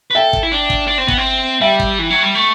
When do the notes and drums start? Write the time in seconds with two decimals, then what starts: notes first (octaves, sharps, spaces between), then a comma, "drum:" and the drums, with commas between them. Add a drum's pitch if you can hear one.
0.11 B4
0.15 A4 E5 G5
0.33 drum: kick
0.43 E4
0.52 D4
0.70 drum: kick
0.88 D4
0.98 C4
1.08 B3, drum: kick
1.18 C4
1.61 G3 E5 G5
1.80 drum: kick
1.99 E3
2.10 F#3
2.22 G3
2.35 A3